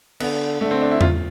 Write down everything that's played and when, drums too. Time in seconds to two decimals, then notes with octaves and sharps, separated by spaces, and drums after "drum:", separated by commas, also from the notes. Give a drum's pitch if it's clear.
0.20 D3 B3, drum: cymbal
0.61 D3 A3
0.71 C4
0.81 D4
0.91 E4
1.01 F4, drum: tom E2